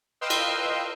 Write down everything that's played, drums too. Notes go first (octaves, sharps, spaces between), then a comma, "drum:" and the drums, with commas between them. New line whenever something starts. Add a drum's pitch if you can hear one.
B4 D#5 F5 G5 C6 E6
drum: cymbal